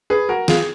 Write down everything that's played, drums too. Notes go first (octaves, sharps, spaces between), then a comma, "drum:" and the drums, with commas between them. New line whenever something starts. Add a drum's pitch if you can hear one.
G#4 B4
F#4 A#4
F4 G#4, drum: snare